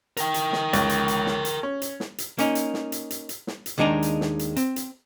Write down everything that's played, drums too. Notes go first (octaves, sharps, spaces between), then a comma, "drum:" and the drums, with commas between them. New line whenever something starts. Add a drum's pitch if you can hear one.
A#4 G5, drum: hi-hat
drum: hi-hat
drum: snare
C#2, drum: hi-hat
drum: hi-hat
drum: hi-hat
drum: snare
drum: hi-hat
C#4
drum: hi-hat
drum: snare
drum: hi-hat
A#3 C#4 D#4, drum: hi-hat
drum: hi-hat
drum: snare
drum: hi-hat
drum: hi-hat
drum: hi-hat
drum: snare
drum: hi-hat
D#2 D#3 G#3 D4 D#4 A#5
drum: hi-hat
drum: snare
drum: hi-hat
C4, drum: hi-hat
drum: hi-hat